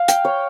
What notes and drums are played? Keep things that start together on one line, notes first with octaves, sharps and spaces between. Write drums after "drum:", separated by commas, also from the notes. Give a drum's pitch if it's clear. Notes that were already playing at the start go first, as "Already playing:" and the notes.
Already playing: F5
G5, drum: hi-hat
C#5